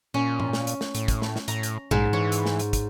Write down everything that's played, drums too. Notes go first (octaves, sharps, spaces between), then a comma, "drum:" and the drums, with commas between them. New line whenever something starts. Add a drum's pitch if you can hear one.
A#2 C#4
drum: tom G#2
drum: snare
drum: hi-hat
drum: snare
A2, drum: hi-hat
drum: kick, hi-hat
drum: snare
drum: snare
A2 A#5, drum: hi-hat
drum: hi-hat
A#1 G#2, drum: tom A#2
E3 C#5
drum: hi-hat
drum: snare
drum: hi-hat
drum: kick, hi-hat